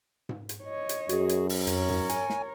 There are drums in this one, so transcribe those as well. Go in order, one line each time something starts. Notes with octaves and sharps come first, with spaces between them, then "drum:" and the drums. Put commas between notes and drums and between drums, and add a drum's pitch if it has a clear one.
drum: tom G#2
drum: hi-hat
C#5 D#5
drum: hi-hat
F#2 F#4 G#4, drum: hi-hat
drum: hi-hat
drum: open hi-hat
F2 A#4 C#5, drum: hi-hat
drum: tom G#2
G#5, drum: hi-hat
drum: snare